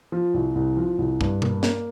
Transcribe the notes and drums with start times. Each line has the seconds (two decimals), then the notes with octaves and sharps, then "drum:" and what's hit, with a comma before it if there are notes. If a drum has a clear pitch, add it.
0.12 F3
0.34 C2
0.55 C2
0.77 F3
0.98 C2
1.21 G2, drum: kick
1.42 A#3, drum: tom
1.63 A#3, drum: snare